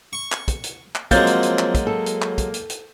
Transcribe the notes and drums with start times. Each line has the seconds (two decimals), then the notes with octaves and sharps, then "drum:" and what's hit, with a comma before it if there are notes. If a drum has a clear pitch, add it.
0.13 C#6
0.32 drum: clap
0.48 drum: kick, hi-hat
0.64 drum: hi-hat
0.95 drum: clap
1.11 F3 F#3 G#3 A#3 C4 F5 G6 A6, drum: kick, hi-hat
1.27 drum: hi-hat
1.43 drum: hi-hat
1.59 drum: clap
1.75 drum: kick, hi-hat
1.87 A4
2.06 drum: hi-hat
2.22 drum: clap
2.38 drum: kick, hi-hat
2.54 drum: hi-hat
2.70 drum: hi-hat